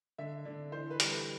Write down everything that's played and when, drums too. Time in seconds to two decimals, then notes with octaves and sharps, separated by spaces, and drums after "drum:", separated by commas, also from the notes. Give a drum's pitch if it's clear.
0.18 D3 E5
0.45 D3 D5
0.72 E3 C5
0.91 B4
1.00 G3, drum: hi-hat
1.09 A4